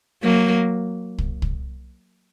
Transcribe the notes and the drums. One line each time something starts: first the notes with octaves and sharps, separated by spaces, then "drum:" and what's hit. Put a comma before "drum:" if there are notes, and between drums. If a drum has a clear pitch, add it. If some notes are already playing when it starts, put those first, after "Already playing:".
F#3 A#3
drum: kick
drum: kick